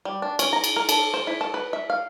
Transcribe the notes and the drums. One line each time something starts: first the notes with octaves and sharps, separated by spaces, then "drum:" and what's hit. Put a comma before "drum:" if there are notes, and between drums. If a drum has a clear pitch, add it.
G3
D4
C#4, drum: cymbal
A#5
drum: cymbal
A#4
A4, drum: cymbal
C5
E4
A4
B4
E5
F5